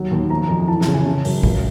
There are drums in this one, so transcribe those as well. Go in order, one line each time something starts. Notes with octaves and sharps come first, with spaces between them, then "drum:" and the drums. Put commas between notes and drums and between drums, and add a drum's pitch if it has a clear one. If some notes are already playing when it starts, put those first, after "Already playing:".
Already playing: D#2 F#3
D#2
F3 A#5
F2 A#5
E3 A5
A5, drum: snare
C#3
G#5
C#3
F#2, drum: open hi-hat
C#2, drum: kick